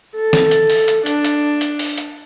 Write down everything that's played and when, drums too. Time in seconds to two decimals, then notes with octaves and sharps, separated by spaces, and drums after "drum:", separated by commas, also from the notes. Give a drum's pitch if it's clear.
0.15 A4
0.33 drum: snare
0.51 drum: hi-hat
0.70 drum: open hi-hat
0.88 drum: hi-hat
1.06 D4, drum: hi-hat
1.24 drum: hi-hat
1.61 drum: hi-hat
1.79 drum: open hi-hat
1.98 drum: hi-hat